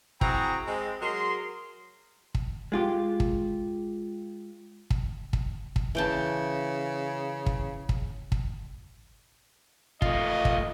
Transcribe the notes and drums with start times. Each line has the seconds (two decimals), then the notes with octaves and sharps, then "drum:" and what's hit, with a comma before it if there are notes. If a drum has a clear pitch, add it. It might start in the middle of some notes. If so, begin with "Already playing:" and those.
0.21 C4 E4 F#4 G#4 G5 A#5, drum: kick
0.68 G#3 C4
1.02 F#3 G#4 A#4 C6
2.35 drum: kick
2.72 G#3 F4 G4
3.20 drum: kick
4.90 drum: kick
5.33 drum: kick
5.76 drum: kick
5.95 C#3 E3 G5 A5
7.46 drum: kick
7.89 drum: kick
8.32 drum: kick
10.02 A3 F4 D#5, drum: kick
10.45 drum: kick